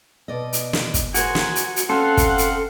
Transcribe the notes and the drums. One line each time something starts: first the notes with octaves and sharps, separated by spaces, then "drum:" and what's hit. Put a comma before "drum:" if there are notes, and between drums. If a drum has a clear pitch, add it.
B2 D5 D#5
drum: hi-hat
drum: snare
drum: kick, hi-hat
F#4 G#4 A#4 C5 G#5, drum: hi-hat
drum: snare
drum: hi-hat
drum: hi-hat
C4 C#4 A4 F5 F#5 G#5 A5 C6
drum: kick, hi-hat
drum: hi-hat